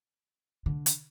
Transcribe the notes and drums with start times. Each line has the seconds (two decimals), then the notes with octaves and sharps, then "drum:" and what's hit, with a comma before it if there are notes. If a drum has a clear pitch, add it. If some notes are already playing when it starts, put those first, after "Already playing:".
0.66 D3
0.86 drum: hi-hat